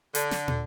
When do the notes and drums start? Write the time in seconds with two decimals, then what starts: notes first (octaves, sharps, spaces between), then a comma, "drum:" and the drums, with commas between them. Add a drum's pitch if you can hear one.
0.15 D3, drum: hi-hat
0.31 drum: snare
0.48 drum: tom